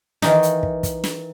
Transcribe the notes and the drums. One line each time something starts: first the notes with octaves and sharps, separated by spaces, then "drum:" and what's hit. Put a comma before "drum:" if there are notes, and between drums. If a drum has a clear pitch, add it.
D#3 E3 D#4, drum: snare
drum: hi-hat
drum: kick
drum: kick, hi-hat
drum: snare